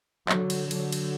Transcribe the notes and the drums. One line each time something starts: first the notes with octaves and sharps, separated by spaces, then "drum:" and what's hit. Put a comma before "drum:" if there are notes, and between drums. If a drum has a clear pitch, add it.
D3 F#3, drum: clap
drum: cymbal
D3 F#3, drum: cymbal
drum: cymbal